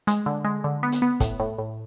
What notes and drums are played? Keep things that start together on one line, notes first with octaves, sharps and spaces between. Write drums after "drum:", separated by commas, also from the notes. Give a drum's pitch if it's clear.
G#3, drum: hi-hat
D3
G#3
D3
B3
drum: hi-hat
B3
A2, drum: kick, hi-hat
A2
A2